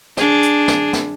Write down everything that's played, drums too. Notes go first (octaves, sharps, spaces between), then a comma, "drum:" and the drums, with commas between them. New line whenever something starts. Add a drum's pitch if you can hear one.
D4 G#4, drum: snare
drum: hi-hat
drum: snare
drum: snare